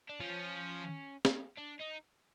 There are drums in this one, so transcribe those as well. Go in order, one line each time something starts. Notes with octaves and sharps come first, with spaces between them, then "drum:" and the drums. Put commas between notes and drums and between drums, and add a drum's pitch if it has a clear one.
D4
F3 C#4
drum: snare
D4
D#4